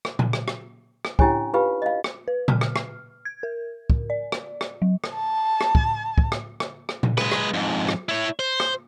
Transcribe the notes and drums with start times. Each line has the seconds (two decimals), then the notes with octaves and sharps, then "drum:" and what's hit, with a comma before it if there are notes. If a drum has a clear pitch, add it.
0.05 drum: rim click
0.19 drum: tom A#2
0.33 drum: rim click
0.48 drum: rim click
1.05 drum: rim click
1.19 C#4 D4 E4 G4 C#5 G#5, drum: kick
1.54 F4 G4 B4 F5
1.82 D#5 F5
2.04 drum: rim click
2.28 B4
2.48 F6, drum: tom A#2
2.61 drum: rim click
2.76 drum: rim click
3.25 G#6
3.43 A#4
3.90 drum: kick
4.10 D5
4.32 drum: rim click
4.61 drum: rim click
4.82 F#3
5.04 drum: rim click
5.15 A5
5.61 drum: rim click
5.75 drum: kick
6.18 drum: kick
6.32 drum: rim click
6.60 drum: rim click
6.89 drum: rim click
7.03 drum: tom A#2
7.18 G#3 B4, drum: rim click
7.32 drum: rim click
7.54 F2 G#2
7.89 drum: rim click
8.09 E4 C#5
8.39 C5
8.60 drum: rim click